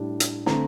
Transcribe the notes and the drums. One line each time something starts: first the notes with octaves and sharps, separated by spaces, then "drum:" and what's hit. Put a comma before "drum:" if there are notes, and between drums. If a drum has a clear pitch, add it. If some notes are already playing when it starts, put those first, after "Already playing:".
Already playing: A2 G3 D4
drum: hi-hat
D3 A3 C4 A#5, drum: snare